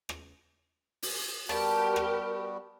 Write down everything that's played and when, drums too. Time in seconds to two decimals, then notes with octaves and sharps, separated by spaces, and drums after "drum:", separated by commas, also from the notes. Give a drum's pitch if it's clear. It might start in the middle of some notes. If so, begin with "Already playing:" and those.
0.09 drum: rim click
1.02 drum: open hi-hat
1.49 G3 B3 F#4 G4 A#4 A5, drum: rim click
1.96 drum: rim click